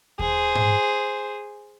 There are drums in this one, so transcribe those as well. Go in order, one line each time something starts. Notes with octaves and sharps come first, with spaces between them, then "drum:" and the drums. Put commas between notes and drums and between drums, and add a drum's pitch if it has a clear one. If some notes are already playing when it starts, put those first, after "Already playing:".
G#4 C5, drum: kick D#2
drum: tom G#2